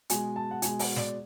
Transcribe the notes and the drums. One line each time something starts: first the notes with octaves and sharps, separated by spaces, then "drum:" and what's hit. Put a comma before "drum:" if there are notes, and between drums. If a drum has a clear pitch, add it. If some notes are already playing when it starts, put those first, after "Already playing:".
B2 G#3 G#5, drum: hi-hat
A5
F#5
B2 G#3 G#5, drum: hi-hat
F#5, drum: open hi-hat
D5, drum: snare